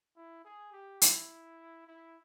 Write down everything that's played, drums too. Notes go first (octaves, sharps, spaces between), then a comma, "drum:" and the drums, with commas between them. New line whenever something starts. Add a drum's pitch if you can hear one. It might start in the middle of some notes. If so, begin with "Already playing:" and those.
E4
G#4
G4
E4, drum: hi-hat
E4